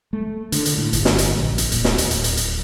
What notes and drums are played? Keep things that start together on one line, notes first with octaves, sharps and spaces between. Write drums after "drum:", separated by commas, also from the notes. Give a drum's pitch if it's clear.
A3
D3, drum: hi-hat
drum: hi-hat
A2
G1, drum: hi-hat
drum: snare
drum: hi-hat
A#1
drum: hi-hat
D#1, drum: hi-hat
drum: snare
D1, drum: hi-hat
drum: hi-hat
drum: hi-hat
drum: hi-hat